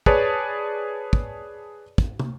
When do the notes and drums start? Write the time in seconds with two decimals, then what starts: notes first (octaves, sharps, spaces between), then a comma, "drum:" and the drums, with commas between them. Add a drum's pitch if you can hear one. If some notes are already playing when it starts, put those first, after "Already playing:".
0.06 G#4 B4 C#5 D5 A5, drum: kick
1.13 drum: kick
1.98 drum: kick
2.20 drum: tom